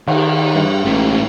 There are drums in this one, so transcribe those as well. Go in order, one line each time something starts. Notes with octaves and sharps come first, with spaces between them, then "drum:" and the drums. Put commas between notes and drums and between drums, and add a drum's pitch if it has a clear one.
D#3, drum: cymbal
G2
A1 A2 G#3